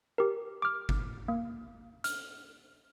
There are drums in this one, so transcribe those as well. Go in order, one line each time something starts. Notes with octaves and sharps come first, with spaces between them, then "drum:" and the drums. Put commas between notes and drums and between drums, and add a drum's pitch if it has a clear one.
G4 A#4
D6 F6
drum: kick G1
A#3
F6, drum: hi-hat